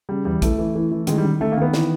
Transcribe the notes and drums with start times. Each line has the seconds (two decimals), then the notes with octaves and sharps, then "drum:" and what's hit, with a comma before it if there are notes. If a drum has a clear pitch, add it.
0.09 C#3 G3
0.25 E2 G3
0.42 E3 A3, drum: kick, hi-hat
0.58 E3
0.76 E3
0.92 E3
1.07 D#3 G#3, drum: hi-hat
1.18 G3
1.25 D#3
1.40 D#3 A3
1.52 A#3
1.57 D#3 B3
1.74 E3, drum: snare